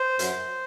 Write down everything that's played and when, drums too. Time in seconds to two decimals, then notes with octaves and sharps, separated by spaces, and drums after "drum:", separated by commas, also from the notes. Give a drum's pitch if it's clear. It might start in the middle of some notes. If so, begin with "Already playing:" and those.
Already playing: C5
0.19 F#2, drum: hi-hat